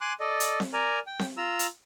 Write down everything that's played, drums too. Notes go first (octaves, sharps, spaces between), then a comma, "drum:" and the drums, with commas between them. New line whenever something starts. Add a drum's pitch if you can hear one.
G#5 C6 D6 F#6
A4 D5 D#5
drum: hi-hat
drum: snare C4
A#4 D5 G#5 A#5
G5
drum: snare C4
F4 A#5 E6
drum: hi-hat